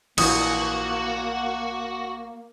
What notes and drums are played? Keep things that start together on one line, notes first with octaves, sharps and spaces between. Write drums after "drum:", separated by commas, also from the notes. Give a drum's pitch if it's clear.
A#1 E3 A#3 F#4 D#6, drum: cymbal